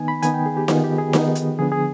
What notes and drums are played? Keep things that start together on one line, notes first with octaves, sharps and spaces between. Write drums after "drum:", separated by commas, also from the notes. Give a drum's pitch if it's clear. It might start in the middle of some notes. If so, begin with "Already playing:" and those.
Already playing: D#3 B3 D#4 G#5
B5
D#3 B3 D#4 G#5, drum: hi-hat
G5
G#4
G4
D#3 B3 D#4 F4, drum: snare D#4
G4
G#4
D#3 B3 D#4, drum: snare D#4
drum: hi-hat
D3 F3 B3 D4 G#4
G#4